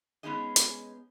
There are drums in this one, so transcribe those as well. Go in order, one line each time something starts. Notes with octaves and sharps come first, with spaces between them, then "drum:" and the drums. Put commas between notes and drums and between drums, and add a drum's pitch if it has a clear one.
G#3 B3 C#4 D#4 G#4 D#5
drum: hi-hat